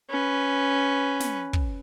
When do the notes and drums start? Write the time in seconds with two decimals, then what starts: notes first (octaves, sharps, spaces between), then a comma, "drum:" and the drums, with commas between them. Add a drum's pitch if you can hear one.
0.10 C#4 B4
1.20 drum: snare
1.53 drum: kick